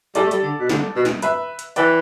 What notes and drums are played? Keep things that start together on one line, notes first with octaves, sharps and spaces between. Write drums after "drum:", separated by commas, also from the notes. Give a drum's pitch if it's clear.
G3 A4 D5, drum: hi-hat
A3
G3, drum: hi-hat
D3
B2
D3, drum: snare
B2
drum: snare
B4 E5, drum: hi-hat
drum: hi-hat
E3 D5 G5, drum: hi-hat